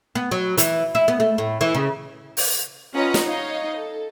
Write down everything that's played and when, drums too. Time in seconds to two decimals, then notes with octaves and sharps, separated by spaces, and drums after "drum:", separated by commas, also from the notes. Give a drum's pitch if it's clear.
0.15 B3
0.32 F#3
0.58 E3, drum: hi-hat
0.95 E4
1.08 B3
1.20 A3
1.38 A2
1.61 E3
1.75 C#3
2.37 drum: open hi-hat
2.94 C#4 F4 B4 D#5 F#5 A#5
3.14 drum: snare
3.25 D#4 C#5 D#5 F5
3.76 A4